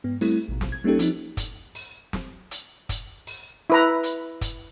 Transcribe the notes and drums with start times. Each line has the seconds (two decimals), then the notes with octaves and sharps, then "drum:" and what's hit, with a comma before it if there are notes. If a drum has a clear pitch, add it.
0.04 G#2 B3
0.21 G3 A3 C4 E4, drum: open hi-hat
0.48 A1 B2
0.61 drum: snare
0.72 G#6
0.84 G3 A#3 C#4 D#4 G4 A4
0.99 F3 C4 D#4, drum: hi-hat
1.37 drum: kick, hi-hat
1.75 drum: open hi-hat
2.13 drum: snare
2.51 drum: hi-hat
2.89 drum: kick, hi-hat
3.27 drum: open hi-hat
3.70 E4 B4 A#5
4.03 drum: hi-hat
4.41 drum: kick, hi-hat